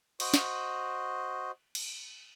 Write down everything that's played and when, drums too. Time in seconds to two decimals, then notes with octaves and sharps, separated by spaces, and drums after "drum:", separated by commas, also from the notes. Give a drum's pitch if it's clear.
0.20 F#4 C5 D#5, drum: cymbal
0.34 drum: snare
1.75 drum: cymbal